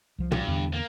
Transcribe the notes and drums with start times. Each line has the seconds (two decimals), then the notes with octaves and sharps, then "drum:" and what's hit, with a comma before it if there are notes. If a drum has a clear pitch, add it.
0.18 C2 F3
0.31 G2, drum: tom
0.48 E2 D3
0.74 A#3